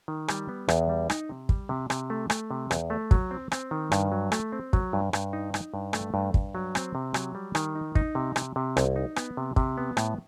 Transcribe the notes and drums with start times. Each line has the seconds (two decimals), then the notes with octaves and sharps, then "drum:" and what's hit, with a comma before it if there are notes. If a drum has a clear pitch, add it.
0.08 D#3
0.28 G3, drum: rim click
0.49 B3
0.69 E2, drum: rim click
0.89 G3
1.10 D#4, drum: rim click
1.29 C3
1.49 G3, drum: kick
1.69 C3
1.90 C3, drum: rim click
2.10 A3
2.30 A3, drum: rim click
2.51 C3
2.71 E2, drum: rim click
2.90 A3
3.11 F#3, drum: kick
3.31 C4
3.52 C4, drum: rim click
3.71 D#3
3.92 G2, drum: rim click
4.12 F#3
4.32 A3, drum: rim click
4.52 C4
4.73 F#3, drum: kick
4.93 G2
5.13 G2, drum: rim click
5.33 D#4
5.54 D#4, drum: rim click
5.74 G2
5.93 A3, drum: rim click
6.14 G2
6.34 G2, drum: kick
6.55 F#3
6.75 C4, drum: rim click
6.95 C3
7.14 F#3, drum: rim click
7.35 G3
7.55 D#3, drum: rim click
7.75 D#4
7.95 D#4, drum: kick
8.15 C3
8.36 C3, drum: rim click
8.56 C3
8.77 C2, drum: rim click
8.96 D#4
9.16 B3, drum: rim click
9.37 C3
9.56 C3, drum: kick
9.77 B3
9.97 A2, drum: rim click